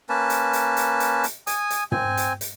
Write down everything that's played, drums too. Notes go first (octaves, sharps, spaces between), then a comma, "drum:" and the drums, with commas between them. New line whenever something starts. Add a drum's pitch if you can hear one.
A#3 C#4 B4 A5
drum: hi-hat
drum: hi-hat
drum: hi-hat
drum: hi-hat
drum: hi-hat
G#5 D#6, drum: hi-hat
drum: hi-hat
C4 G#5, drum: tom
drum: hi-hat
drum: hi-hat